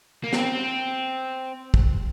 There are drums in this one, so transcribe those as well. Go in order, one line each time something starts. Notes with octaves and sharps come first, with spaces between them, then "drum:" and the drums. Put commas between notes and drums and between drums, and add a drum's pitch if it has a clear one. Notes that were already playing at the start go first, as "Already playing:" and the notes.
A#3
C4, drum: snare
drum: kick